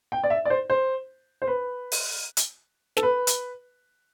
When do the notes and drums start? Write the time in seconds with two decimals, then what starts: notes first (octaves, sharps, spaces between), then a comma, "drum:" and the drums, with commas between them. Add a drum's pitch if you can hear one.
0.12 G5
0.24 D5
0.30 E5
0.45 D5
0.50 C5
0.70 C5
1.42 C5
1.47 B4
1.92 drum: open hi-hat
2.37 drum: hi-hat
2.97 A4, drum: snare
3.03 B4
3.27 drum: hi-hat